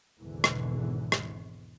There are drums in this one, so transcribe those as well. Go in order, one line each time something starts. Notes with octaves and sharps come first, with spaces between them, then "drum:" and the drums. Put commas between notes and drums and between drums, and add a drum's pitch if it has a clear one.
G#1 E2 G#2 B2 D3 E3
drum: rim click
drum: rim click